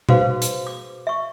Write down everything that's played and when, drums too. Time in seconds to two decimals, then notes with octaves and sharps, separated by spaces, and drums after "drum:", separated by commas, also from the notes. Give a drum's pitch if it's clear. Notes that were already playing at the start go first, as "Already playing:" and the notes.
0.09 F#4 G#4 B4 C5 F5, drum: tom B2
0.42 drum: hi-hat
0.67 D6
1.07 E5 C#6